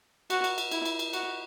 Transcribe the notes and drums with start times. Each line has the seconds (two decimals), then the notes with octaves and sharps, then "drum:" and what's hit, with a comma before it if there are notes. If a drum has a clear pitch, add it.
0.30 F#4, drum: cymbal
0.44 drum: cymbal
0.58 drum: cymbal
0.71 E4, drum: cymbal
0.85 drum: cymbal
0.99 drum: cymbal
1.13 F#4, drum: cymbal